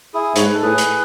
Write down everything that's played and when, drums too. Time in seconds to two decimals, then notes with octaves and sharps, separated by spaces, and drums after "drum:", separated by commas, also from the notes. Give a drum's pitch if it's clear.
0.14 E4 G#4
0.36 G#2 C#5, drum: hi-hat
0.44 B4
0.53 A4
0.62 A2 G#4 B4
0.78 drum: hi-hat